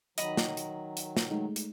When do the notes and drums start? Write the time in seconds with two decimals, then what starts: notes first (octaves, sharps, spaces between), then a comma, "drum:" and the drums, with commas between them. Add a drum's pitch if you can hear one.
0.18 D#3 F#3 D#5 B5, drum: hi-hat
0.37 drum: snare
0.57 drum: hi-hat
0.97 drum: hi-hat
1.17 drum: snare
1.30 G#3 A3 D#4
1.56 drum: hi-hat